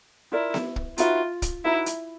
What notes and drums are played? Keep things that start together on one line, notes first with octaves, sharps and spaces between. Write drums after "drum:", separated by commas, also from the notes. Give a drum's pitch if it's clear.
E4 F4 A#4 D5
drum: snare B3
drum: kick
D#4 F4 F#4 B4 E5, drum: hi-hat
drum: kick, hi-hat
D#4 E4 F#4 B4 E5
drum: hi-hat